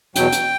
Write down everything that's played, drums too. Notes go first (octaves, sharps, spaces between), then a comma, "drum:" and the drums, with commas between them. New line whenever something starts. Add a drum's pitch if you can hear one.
E2 B2 F#3 G5, drum: hi-hat
drum: hi-hat